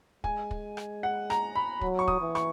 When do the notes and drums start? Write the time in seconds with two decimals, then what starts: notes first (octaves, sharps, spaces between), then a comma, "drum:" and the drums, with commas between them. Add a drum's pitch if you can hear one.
0.24 G#3 G#5, drum: kick
0.51 drum: kick
0.77 drum: rim click
1.03 F#5
1.30 A#5, drum: rim click
1.55 B5
1.81 F#3, drum: kick
1.99 C#6
2.08 D#6, drum: kick
2.21 E3
2.35 C#6, drum: rim click